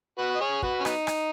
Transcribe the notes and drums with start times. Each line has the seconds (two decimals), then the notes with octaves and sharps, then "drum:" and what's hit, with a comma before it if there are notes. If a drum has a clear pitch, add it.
0.18 F#4 B4
0.35 D#5
0.40 G#4 C#5
0.62 F#4 B4, drum: kick
0.80 C#4
0.85 F#3 B3 D#4, drum: rim click
1.07 drum: rim click